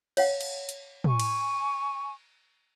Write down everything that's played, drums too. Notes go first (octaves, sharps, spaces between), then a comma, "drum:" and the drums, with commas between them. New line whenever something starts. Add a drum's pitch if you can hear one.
C#5 F5 F#5, drum: cymbal
drum: cymbal
drum: hi-hat
G#5 C#6, drum: tom
drum: cymbal